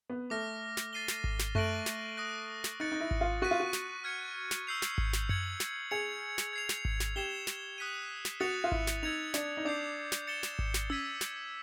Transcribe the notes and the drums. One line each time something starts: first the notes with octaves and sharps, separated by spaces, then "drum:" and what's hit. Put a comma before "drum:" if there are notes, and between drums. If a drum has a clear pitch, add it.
B3
A3 D6 F6 A#6
drum: snare
A6 C7 D#7 G7
drum: snare
drum: kick G#1
drum: snare
A3 C#6 F#6 A#6 D7 F#7, drum: tom F#2
drum: snare
D#6 F#6 A#6
drum: snare
D#4 F#6 A6 C#7
D#4
E4
drum: kick G#1
F4
F#4 C#6 F#6 B6 D#7
F4
F#4
drum: snare
F6 G#6 C#7
drum: snare
E6 G6 C7 F7
drum: snare
drum: kick G#1
drum: snare
G#6 C#7 F#7, drum: tom F#2
drum: snare
G#4 G#6 C#7 F7
drum: snare
G#6 C7 F7
drum: snare
drum: kick G#1
drum: snare
G4 G#6 C7 E7 G7
drum: snare
D#6 F#6 B6 D#7
drum: snare
F#4 D#6 F#6 A6 C#7 F7
F4
E4, drum: kick G#1
drum: snare
D#4 E6 G#6 C#7 F7
D4, drum: snare
D#4
D4 D6 G6 C7
drum: snare
A6 C#7 E7 G7
drum: snare
drum: kick G#1
drum: snare
E6 G#6 B6 D#7, drum: tom C#4
drum: snare